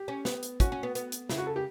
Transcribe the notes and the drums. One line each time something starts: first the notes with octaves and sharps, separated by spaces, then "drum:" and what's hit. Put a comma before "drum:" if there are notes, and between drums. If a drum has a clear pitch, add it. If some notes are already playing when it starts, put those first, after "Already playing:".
Already playing: G4
C#4
B3, drum: snare
drum: hi-hat
C#4 F#4, drum: kick, hi-hat
C#4
B3
B3, drum: hi-hat
drum: hi-hat
C#3 E4, drum: snare
F#4
A4
G4